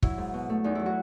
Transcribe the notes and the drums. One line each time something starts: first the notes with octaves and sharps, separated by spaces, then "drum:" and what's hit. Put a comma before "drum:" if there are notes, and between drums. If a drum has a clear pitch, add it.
F#3 E4, drum: kick
G#2
B2
A3
E2 D#4
F#3 E4
F#4